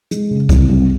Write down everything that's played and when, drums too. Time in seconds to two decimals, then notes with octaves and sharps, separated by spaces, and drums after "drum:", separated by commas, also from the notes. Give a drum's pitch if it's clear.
0.11 G#3, drum: hi-hat
0.31 C#3
0.49 C2, drum: kick C2, hi-hat
0.69 C2